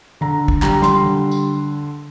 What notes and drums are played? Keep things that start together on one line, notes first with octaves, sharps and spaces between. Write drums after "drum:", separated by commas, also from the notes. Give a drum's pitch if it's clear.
D3 A#5
drum: kick
G3 A#5, drum: clap
C6, drum: snare
D3
drum: tambourine